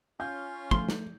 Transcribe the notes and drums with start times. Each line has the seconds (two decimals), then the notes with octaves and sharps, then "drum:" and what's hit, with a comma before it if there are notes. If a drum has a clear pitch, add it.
0.20 C#4 F4 G6
0.71 F3 A3 C6, drum: kick
0.89 drum: snare